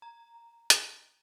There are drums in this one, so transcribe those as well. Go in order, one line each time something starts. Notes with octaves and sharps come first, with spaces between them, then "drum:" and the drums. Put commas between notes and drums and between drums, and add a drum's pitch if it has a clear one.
A#5
drum: hi-hat